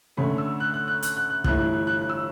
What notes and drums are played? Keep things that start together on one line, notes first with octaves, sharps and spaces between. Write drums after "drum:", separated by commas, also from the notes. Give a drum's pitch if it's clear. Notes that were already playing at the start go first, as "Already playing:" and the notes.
D2 D3 A3 C#4 B5
E6
F#6
F#6
F#6
F#6, drum: hi-hat
F#6
F#6
G1 G2 E3 A3 E4 F#6, drum: kick
F#6
F#6
F#6
F#6
E6